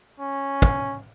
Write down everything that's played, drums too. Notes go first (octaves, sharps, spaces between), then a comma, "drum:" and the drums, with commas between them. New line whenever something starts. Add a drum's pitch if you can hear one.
C#4
drum: kick